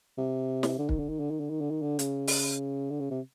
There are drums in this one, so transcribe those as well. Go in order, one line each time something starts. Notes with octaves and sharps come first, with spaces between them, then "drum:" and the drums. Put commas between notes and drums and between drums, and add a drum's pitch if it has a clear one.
C3
drum: snare
D3
D#3, drum: kick
D3
D#3
D3
D#3
D3
D#3
D3
D#3
D3
C#3, drum: hi-hat
drum: open hi-hat
D3
C#3
C3